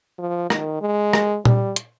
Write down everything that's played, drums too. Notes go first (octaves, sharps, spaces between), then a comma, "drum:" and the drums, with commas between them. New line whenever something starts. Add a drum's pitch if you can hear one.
F3
D#3, drum: rim click
G#3
drum: rim click
G3, drum: tom A#2
drum: hi-hat